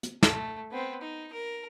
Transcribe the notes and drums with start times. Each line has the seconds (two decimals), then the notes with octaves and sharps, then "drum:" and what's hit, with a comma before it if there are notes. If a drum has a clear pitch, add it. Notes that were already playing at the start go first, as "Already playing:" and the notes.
0.03 drum: hi-hat
0.23 A3, drum: snare
0.72 B3 C4
1.02 D#4
1.33 A#4